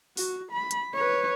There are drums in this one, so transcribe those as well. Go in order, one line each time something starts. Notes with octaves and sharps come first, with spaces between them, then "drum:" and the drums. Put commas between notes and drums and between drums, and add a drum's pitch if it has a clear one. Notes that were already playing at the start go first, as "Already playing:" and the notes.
F#4, drum: open hi-hat
B5
drum: hi-hat
B4 C#5